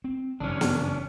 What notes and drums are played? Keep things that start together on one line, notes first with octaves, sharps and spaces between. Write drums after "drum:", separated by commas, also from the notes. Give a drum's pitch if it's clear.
C4
F#1 G2 E3 C#4 D4
drum: snare